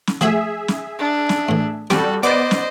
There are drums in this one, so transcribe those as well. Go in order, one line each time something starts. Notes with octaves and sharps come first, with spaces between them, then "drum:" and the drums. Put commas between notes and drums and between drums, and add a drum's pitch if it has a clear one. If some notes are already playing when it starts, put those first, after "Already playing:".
drum: snare
F3 A3 F#4 G#4 E5
drum: snare
D4
drum: snare
A2 E3
G3 C4 F#4 A4 G5 G#5, drum: snare
B3 C5 D5 D#5 D6
drum: snare